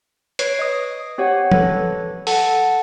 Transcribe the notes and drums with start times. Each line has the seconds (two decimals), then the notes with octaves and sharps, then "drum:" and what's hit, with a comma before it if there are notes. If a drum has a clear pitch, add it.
0.39 B4 C#5 C7 D7, drum: hi-hat
0.59 D#5 D#6
1.18 C4 G4 C#5 F#5
1.51 A4 B4 C#5, drum: tom F3
2.27 A4 F#5 A5, drum: open hi-hat